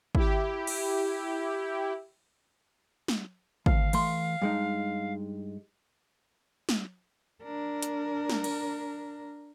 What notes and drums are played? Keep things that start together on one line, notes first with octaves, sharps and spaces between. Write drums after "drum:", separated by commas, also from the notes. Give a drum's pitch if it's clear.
E4 G4, drum: kick
drum: cymbal
drum: snare
D2 F5, drum: kick
E3 A3 C6, drum: cymbal
G2 G#3 D#4
drum: snare
D4 A#4
drum: hi-hat
drum: snare
drum: cymbal